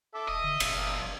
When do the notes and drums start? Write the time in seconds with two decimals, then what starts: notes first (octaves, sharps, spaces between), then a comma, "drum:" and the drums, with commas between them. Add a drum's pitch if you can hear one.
0.14 A4 E5 D6
0.28 E1 D#5 D#6
0.44 D3
0.60 F#1 A#2 F3, drum: cymbal